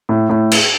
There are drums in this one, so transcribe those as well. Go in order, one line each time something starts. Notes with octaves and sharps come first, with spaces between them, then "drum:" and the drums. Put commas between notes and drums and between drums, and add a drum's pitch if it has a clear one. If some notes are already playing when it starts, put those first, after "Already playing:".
A2
A2
drum: cymbal